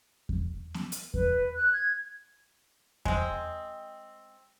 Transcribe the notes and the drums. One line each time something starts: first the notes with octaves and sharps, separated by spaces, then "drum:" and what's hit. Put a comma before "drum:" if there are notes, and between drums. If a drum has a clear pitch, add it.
drum: kick E2
drum: snare B3
drum: hi-hat
B4, drum: kick E2
F#6
G#6
G#3 C4, drum: kick E2